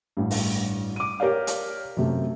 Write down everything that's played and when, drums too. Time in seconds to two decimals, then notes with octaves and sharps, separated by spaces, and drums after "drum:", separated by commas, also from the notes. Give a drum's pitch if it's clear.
0.17 A1 G2
0.31 drum: open hi-hat
0.96 D6 D#7
1.20 G4 A#4 C#5 D5 F5
1.47 drum: hi-hat
1.97 F#2 C3 A3